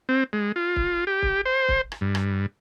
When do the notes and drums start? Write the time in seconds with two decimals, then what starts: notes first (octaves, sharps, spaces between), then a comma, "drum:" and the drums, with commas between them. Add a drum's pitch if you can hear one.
0.09 C4
0.33 G#3
0.56 F4
0.76 drum: kick
1.07 G4
1.22 drum: kick
1.45 C5
1.69 drum: kick
1.92 drum: rim click
2.01 G2
2.15 drum: rim click